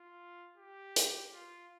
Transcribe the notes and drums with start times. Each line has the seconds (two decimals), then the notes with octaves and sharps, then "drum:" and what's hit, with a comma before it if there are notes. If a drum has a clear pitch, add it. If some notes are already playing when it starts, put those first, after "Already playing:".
Already playing: F4
0.57 G4
0.96 drum: hi-hat
1.34 F4